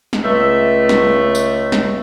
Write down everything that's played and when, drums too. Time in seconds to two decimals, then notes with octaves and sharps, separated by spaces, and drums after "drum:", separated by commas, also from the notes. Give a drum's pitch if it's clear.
0.13 drum: snare
0.24 C#2 A3 E5
0.89 drum: snare
1.35 drum: tambourine
1.72 drum: snare